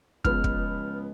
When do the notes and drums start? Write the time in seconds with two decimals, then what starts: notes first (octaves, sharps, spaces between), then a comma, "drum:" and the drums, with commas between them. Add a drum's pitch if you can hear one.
0.25 C#2 F3 G#3 B3 F6, drum: kick
0.44 drum: kick